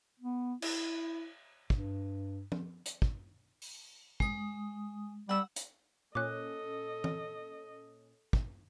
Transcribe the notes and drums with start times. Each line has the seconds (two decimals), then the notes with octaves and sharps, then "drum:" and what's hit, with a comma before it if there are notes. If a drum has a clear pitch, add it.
0.20 B3
0.62 E4, drum: cymbal
1.70 G2, drum: kick
2.52 drum: tom
2.86 drum: hi-hat
3.02 drum: kick
3.62 drum: open hi-hat
4.20 G#3 D#6, drum: kick
5.29 G3 F#5 E6
5.56 drum: hi-hat
6.15 A#2 C#4 A4 D#5 D6 F#6
7.04 drum: tom E3
8.33 drum: kick